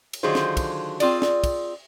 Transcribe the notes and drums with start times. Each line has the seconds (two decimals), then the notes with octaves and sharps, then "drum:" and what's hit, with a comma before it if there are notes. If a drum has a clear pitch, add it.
0.13 drum: cymbal
0.23 D3 D#3 F#3 F4 G#4 C5
0.35 drum: snare
0.57 drum: kick, cymbal
1.00 C4 F4 G#4 D5, drum: cymbal
1.22 drum: snare
1.44 drum: kick, cymbal